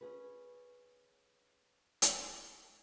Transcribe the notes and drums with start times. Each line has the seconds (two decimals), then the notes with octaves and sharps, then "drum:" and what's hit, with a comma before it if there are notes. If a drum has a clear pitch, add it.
0.01 C#4 G#4 B4
2.02 drum: hi-hat